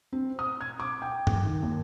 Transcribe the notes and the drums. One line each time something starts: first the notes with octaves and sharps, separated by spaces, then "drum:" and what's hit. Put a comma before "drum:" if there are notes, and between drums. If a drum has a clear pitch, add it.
C4
D#6
G#6
D6
G5
drum: tom
D#3
D#2